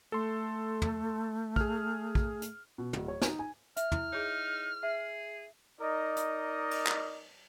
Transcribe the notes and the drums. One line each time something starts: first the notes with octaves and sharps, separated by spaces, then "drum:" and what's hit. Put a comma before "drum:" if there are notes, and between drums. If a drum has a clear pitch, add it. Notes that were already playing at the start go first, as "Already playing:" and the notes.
A3 A4 C6
drum: tom
G#4 F6, drum: kick
drum: kick
drum: hi-hat
B2
D1, drum: tom
C#5
D#4, drum: snare
G#5
E5 F6, drum: hi-hat
E4, drum: tom
D#4 G#4 C#5
G#4 E5
D#4 A#4 D5 D#5
drum: hi-hat
drum: cymbal
drum: clap